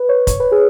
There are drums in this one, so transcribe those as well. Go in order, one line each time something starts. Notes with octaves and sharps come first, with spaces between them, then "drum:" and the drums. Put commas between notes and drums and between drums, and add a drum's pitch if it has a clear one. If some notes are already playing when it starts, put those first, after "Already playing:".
Already playing: B4
C#5
C#5, drum: kick, hi-hat
B4
G#4